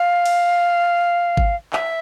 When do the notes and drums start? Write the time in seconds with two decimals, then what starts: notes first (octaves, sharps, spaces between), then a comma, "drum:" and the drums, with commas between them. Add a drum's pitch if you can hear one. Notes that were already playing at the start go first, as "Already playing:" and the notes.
Already playing: F5
0.26 drum: cymbal
1.37 drum: kick G#1
1.73 E5, drum: clap